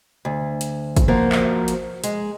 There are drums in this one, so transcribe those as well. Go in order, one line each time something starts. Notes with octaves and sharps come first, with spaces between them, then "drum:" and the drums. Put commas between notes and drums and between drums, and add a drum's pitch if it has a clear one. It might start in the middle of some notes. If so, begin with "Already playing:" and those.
D2
drum: hi-hat
drum: kick, hi-hat
F3 A#3 F#4 A#4 C5
drum: clap
drum: hi-hat
G#3, drum: hi-hat